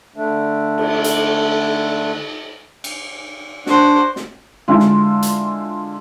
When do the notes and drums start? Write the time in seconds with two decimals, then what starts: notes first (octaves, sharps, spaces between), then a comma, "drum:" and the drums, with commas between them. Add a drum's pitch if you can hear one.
0.16 D3 A3 D4
0.78 drum: cymbal
1.04 drum: hi-hat
2.84 drum: cymbal
3.66 D4 F#4 C5, drum: snare
4.16 drum: snare
4.68 D3 G#3 E4 F4
4.80 drum: snare
5.22 drum: hi-hat